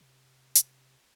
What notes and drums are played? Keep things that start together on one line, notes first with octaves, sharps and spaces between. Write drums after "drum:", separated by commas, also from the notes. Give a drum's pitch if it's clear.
C3
drum: hi-hat